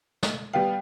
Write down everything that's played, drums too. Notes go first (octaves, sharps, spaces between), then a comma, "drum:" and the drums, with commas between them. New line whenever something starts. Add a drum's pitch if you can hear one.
drum: snare
G3 B3 F5 G5